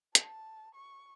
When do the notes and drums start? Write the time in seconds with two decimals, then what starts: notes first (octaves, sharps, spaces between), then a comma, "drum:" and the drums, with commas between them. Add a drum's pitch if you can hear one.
0.15 A5, drum: hi-hat
0.75 C#6